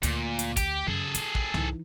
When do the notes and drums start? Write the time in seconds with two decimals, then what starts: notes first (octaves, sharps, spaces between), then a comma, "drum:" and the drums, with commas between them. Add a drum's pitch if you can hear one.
0.03 D2 A#2, drum: hi-hat
0.39 drum: hi-hat
0.57 G4, drum: kick, hi-hat
0.87 F#2 C#3 G#4 A4
1.15 F4, drum: hi-hat
1.35 drum: kick
1.54 E3 D#4, drum: tom C2